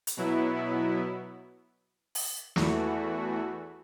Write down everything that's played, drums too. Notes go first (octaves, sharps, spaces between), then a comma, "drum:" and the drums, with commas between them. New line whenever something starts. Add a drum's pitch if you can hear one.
drum: hi-hat
B2 F#3 B3 E4
drum: open hi-hat
E2 E3 A3 F#4, drum: snare